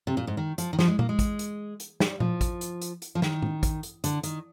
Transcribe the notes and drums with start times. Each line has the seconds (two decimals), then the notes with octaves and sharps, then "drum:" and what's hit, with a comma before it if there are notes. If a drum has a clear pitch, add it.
0.07 C3
0.17 A#2
0.27 G#2
0.37 D#3
0.58 F3, drum: hi-hat
0.73 D#3
0.79 F3, drum: snare
0.88 G#3
0.99 A#3, drum: tom A#2
1.09 G#3
1.19 drum: kick, hi-hat
1.39 drum: hi-hat
1.80 drum: hi-hat
2.00 G3, drum: snare
2.20 F3, drum: tom A#2
2.41 drum: kick, hi-hat
2.61 drum: hi-hat
2.81 drum: hi-hat
3.02 drum: hi-hat
3.15 F3
3.22 D#3, drum: snare
3.42 drum: tom A2
3.63 drum: kick, hi-hat
3.83 drum: hi-hat
4.04 D3, drum: hi-hat
4.23 D#3, drum: hi-hat